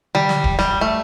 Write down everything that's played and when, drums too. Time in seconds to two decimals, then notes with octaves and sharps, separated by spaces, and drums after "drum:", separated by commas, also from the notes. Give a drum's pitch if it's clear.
0.15 G3, drum: tom D3
0.29 drum: snare
0.44 drum: kick D1
0.59 G3, drum: snare
0.81 A3